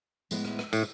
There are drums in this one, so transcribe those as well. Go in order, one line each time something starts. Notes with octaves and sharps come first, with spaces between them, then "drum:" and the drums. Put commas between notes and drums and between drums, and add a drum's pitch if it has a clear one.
A2 G#3 B3 E4, drum: tambourine
drum: rim click
drum: rim click
A2, drum: tambourine